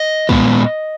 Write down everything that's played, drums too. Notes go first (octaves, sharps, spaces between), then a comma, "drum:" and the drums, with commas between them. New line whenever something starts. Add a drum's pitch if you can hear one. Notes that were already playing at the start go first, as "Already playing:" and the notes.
Already playing: D#5
A#2 G#3 B3, drum: kick